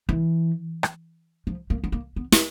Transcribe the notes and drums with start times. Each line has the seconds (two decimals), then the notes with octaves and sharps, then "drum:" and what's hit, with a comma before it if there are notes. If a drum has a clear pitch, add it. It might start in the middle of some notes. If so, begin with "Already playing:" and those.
0.09 E3
0.83 drum: rim click
1.47 F3
1.70 A#3
1.84 B3
1.92 A#3
2.16 B3
2.32 C4, drum: snare